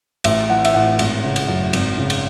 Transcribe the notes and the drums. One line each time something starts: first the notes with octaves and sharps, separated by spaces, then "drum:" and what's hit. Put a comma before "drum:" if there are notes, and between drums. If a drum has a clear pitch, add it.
A1 E5, drum: cymbal
E3 F#5
E5, drum: cymbal
A2 F#5
G#1, drum: cymbal
C#3
drum: cymbal
F#2
G#1, drum: cymbal
C#3
drum: cymbal